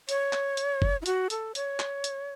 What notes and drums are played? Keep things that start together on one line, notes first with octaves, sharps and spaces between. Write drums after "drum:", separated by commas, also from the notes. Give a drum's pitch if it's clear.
C#5, drum: hi-hat
drum: clap
drum: hi-hat
drum: kick
E4
F#4, drum: hi-hat
A4, drum: hi-hat
C#5, drum: hi-hat
drum: clap
drum: hi-hat